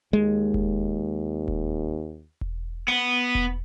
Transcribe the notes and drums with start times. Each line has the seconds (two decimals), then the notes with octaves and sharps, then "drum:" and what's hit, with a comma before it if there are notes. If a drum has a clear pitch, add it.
0.13 D#2 G#3
0.54 drum: kick E1
1.48 drum: kick E1
2.41 drum: kick E1
2.88 B3
3.35 drum: kick E1